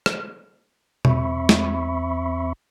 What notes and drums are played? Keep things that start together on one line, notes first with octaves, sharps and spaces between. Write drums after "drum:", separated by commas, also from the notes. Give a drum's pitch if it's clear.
drum: rim click
E2 C4 E5 B5 C#6, drum: tom B2
drum: snare